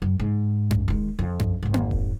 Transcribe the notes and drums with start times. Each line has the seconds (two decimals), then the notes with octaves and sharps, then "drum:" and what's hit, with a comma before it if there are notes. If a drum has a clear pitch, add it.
0.02 F#2
0.20 G#2
0.71 drum: tom F#2
0.88 D#3 G#3, drum: kick D#1
1.19 F2
1.39 drum: tom F#2
1.63 G#1 F2
1.74 drum: tom A#3
1.91 drum: kick D#1